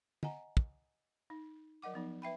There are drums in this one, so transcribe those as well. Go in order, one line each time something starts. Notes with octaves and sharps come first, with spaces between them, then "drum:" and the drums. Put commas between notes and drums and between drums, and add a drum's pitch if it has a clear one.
D#5 F#5 G#5 A#5, drum: tom
drum: kick
D#4
F#3 A#4 D#5 F#5 D6
F3 B3 D#4
B4 E5 G5 B5